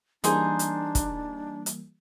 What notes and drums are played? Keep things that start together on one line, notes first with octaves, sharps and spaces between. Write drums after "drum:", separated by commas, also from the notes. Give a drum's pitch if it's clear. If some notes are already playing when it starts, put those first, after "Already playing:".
E3 G3 A#3 D4 D#4 G#4 C5, drum: hi-hat
drum: hi-hat
drum: kick, hi-hat
drum: hi-hat